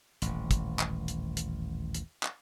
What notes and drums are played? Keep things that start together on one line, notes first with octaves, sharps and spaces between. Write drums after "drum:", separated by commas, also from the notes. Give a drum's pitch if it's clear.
D#1 A1, drum: hi-hat
drum: kick, hi-hat
drum: clap
drum: hi-hat
drum: hi-hat
drum: hi-hat
drum: clap